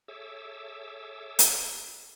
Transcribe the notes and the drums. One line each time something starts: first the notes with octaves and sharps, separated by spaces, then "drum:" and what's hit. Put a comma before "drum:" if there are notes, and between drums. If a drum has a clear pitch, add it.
G#4 A4 C#5 E5 D6 E6
drum: hi-hat